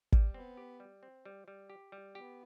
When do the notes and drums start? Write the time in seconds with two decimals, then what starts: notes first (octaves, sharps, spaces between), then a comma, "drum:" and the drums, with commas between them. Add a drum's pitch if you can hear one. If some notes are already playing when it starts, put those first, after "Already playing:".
0.12 G3, drum: kick
0.34 B3 C4
0.57 G4
0.80 G3
1.03 C4
1.25 G3
1.48 G3
1.70 G4
1.92 G3
2.15 B3 G4